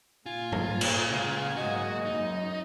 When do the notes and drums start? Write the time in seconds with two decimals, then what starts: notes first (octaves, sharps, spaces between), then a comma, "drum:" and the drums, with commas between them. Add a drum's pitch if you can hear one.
0.26 A#2 F4 G#5
0.52 drum: tom
0.81 drum: cymbal
1.11 C#3 G#3 F5
1.56 G#2 F#3 A#3 F#4 D#5
2.06 F#2 D#4